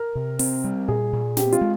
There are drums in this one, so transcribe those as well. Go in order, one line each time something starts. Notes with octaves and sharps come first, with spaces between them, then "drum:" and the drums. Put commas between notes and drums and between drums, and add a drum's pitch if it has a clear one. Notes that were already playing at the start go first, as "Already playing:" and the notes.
Already playing: A#4
C3
C4, drum: open hi-hat
G3
A#2 G#4
A#2
C4 G4, drum: snare
F4, drum: hi-hat
G#3